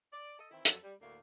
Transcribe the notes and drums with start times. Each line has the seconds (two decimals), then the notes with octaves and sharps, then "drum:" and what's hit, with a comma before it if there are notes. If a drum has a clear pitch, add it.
0.13 D5
0.39 A4 D#5
0.51 D#3 E3 C4 E4
0.65 F2 F#3 A4, drum: hi-hat
0.84 G3
1.01 D2 A2 A3 A#3 D4 F5